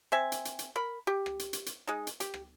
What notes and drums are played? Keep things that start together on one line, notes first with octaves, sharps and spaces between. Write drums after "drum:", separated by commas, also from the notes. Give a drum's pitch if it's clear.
C4 E5 G#5
drum: hi-hat
drum: hi-hat
drum: hi-hat
A#4 B5
G4
drum: rim click
drum: hi-hat
drum: hi-hat
drum: hi-hat
G#3 D#4
drum: hi-hat
G4, drum: hi-hat
drum: rim click